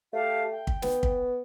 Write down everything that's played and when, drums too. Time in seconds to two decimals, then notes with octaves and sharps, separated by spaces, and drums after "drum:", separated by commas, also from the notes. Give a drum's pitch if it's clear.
0.13 A3 G4 F5 A5
0.49 G5
0.67 drum: kick
0.82 B3, drum: snare
1.03 drum: kick